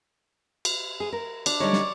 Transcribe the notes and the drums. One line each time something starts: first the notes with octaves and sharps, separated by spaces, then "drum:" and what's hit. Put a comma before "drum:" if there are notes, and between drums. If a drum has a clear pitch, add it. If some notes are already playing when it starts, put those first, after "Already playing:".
drum: cymbal
G#4
A#4
D4, drum: cymbal
D3 G3 D#4 C#5 D5
drum: snare